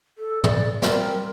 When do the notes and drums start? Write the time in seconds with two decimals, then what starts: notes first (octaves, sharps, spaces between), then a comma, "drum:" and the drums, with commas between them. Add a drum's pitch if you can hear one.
0.18 A4
0.44 D5, drum: tom
0.82 G3 C4 A#4, drum: snare